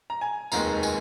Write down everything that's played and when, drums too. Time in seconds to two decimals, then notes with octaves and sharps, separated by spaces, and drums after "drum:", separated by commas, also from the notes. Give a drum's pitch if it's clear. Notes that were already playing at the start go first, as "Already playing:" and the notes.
0.10 A#5
0.21 G#5
0.52 F1 D#2 D#3 G#3 A#5, drum: tambourine
0.83 G#5, drum: tambourine